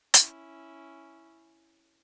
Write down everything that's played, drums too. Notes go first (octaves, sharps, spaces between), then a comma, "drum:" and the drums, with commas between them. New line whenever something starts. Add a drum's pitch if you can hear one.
C#4 E4, drum: hi-hat